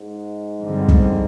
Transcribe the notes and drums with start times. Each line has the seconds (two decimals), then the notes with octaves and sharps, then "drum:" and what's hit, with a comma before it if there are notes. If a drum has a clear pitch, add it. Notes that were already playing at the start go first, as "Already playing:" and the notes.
Already playing: G#2
0.63 G2 D3 G3 C4
0.88 drum: kick